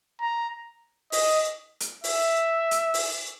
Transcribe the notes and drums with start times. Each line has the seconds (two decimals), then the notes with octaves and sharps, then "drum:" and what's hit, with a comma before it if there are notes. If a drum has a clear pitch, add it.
0.21 A#5
1.12 D#5, drum: open hi-hat
1.80 drum: hi-hat
2.04 E5, drum: open hi-hat
2.71 drum: hi-hat
2.94 drum: open hi-hat